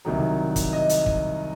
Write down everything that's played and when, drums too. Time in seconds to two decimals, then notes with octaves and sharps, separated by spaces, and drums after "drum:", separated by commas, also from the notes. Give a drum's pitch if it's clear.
0.05 C2 C3 D#3 F#3
0.56 drum: kick, hi-hat
0.73 D#5
0.89 drum: hi-hat
1.06 drum: kick